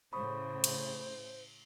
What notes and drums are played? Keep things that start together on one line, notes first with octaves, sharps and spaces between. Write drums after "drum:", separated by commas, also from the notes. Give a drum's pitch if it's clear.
A2 C#3 C5 B5 C#6 D#6
drum: cymbal